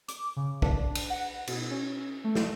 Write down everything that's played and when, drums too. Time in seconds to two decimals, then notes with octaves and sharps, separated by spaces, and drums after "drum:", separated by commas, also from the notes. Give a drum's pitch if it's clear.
0.08 D6, drum: hi-hat
0.36 C#3
0.62 D4, drum: kick
0.95 drum: cymbal
1.10 F#5
1.47 B2, drum: cymbal
1.71 C#4
2.24 A3
2.35 drum: snare